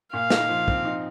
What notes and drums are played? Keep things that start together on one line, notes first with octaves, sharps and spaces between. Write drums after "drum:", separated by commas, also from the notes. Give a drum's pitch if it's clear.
A#2 F5
D#4, drum: snare
F3
C4, drum: kick
D#4